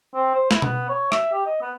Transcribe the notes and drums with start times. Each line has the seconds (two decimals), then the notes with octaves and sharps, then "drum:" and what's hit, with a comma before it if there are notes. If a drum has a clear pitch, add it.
0.15 C4
0.35 C5
0.51 E4, drum: snare
0.62 B3, drum: tom B2
0.89 C#5
1.12 E5, drum: rim click
1.33 G4
1.46 D#5
1.62 B3